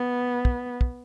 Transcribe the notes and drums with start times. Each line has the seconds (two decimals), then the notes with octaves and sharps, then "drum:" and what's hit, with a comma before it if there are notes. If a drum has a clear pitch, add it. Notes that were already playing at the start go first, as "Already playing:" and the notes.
Already playing: B3
0.45 drum: kick
0.81 drum: kick